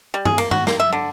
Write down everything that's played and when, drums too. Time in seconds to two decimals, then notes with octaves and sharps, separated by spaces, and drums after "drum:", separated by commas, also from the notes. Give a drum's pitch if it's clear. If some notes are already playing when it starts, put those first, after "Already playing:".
0.14 G3
0.25 G#4, drum: tom G2
0.38 A#3, drum: cymbal
0.51 F#4, drum: tom G2
0.67 A#3, drum: snare
0.80 E5
0.92 D3